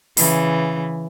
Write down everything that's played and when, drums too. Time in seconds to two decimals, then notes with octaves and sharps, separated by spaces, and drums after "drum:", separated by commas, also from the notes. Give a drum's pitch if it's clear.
0.17 C#3 E3, drum: open hi-hat